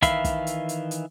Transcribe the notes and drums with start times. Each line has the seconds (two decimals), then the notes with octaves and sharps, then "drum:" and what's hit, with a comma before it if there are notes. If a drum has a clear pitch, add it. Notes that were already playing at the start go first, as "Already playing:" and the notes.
0.02 D#3 E3 E5 F5 B5, drum: kick, hi-hat
0.25 drum: kick, hi-hat
0.47 drum: hi-hat
0.69 drum: hi-hat
0.91 drum: hi-hat